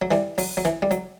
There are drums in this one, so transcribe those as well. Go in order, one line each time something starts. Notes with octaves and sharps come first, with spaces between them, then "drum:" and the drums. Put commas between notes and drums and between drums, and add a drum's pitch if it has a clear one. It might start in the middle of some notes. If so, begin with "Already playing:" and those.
F#3
E3 G3, drum: snare
F#3, drum: open hi-hat
F#3
E3, drum: snare
G3
F#3, drum: hi-hat